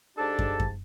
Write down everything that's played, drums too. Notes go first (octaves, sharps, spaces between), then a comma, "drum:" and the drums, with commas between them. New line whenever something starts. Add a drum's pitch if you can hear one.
G#2 D4 G4 A4 A5
drum: kick
drum: kick